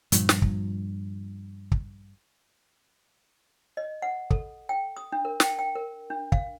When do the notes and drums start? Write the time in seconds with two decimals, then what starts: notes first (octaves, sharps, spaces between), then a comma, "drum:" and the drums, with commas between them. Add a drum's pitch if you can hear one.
0.12 G2 A#2 F3, drum: hi-hat
0.29 drum: snare
0.42 drum: kick
1.72 drum: kick
3.77 D#5
4.02 F#5
4.30 A4, drum: kick
4.69 G5
4.97 D#6
5.12 D4
5.25 A#4
5.40 G5, drum: snare
5.59 G5
5.75 A#4
6.10 D4
6.32 F5, drum: kick